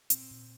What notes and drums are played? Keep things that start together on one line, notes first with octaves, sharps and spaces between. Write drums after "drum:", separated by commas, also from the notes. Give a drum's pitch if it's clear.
A#2 C4, drum: hi-hat
A#2